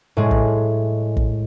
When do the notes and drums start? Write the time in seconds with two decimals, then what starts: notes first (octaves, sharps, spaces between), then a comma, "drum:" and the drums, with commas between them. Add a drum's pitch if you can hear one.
0.17 A2 G#3
0.31 drum: kick
1.17 drum: kick